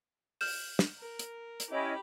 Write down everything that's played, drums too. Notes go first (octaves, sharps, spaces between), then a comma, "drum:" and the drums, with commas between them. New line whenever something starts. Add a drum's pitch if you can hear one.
F6 G6 E7, drum: open hi-hat
drum: snare
A#4
drum: hi-hat
drum: hi-hat
C#4 E4 G4 D#5 B5